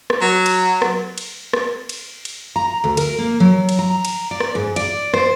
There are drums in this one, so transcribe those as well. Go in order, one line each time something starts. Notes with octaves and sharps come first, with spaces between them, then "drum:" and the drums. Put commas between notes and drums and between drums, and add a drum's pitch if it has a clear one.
drum: rim click
F#3
drum: cymbal
drum: rim click
drum: cymbal
drum: rim click
drum: cymbal
drum: cymbal
A#5
D2
A#4, drum: cymbal
A#3
F#3
drum: cymbal
A#5
drum: cymbal
D5
drum: rim click
G#2
D5, drum: cymbal
C5, drum: rim click